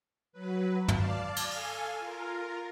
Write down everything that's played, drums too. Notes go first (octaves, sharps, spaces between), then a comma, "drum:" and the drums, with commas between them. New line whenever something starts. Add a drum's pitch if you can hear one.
F#3 B4
D5 F5 A5, drum: tom
drum: cymbal
A4 F5 G#5, drum: open hi-hat
F4 A#4